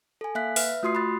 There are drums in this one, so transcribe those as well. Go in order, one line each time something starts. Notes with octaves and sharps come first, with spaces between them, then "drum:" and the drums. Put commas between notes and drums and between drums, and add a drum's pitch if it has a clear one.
A4 G#5
A#3 E5 F5 F#6 B6
B4 E5 F6, drum: open hi-hat
A3 F4 F#4 C6 D#6 C7
B5 C6 F#6 A6